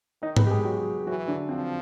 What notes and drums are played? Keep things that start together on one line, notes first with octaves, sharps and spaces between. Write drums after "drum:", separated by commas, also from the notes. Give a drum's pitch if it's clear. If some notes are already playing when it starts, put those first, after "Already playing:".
D#3 D#4 D#5
B3 B4, drum: tom G#2
G4
G#3 G#4
F#3 F#4
E3 F#3 F#4
D3 D4
F3 C4